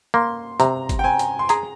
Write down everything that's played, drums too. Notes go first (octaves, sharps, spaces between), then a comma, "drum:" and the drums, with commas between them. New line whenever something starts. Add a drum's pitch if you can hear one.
A#3 C6
C3 A#5, drum: hi-hat
drum: kick G1, hi-hat
G5
C4 G#5
drum: hi-hat
C6
G#4 A#5, drum: hi-hat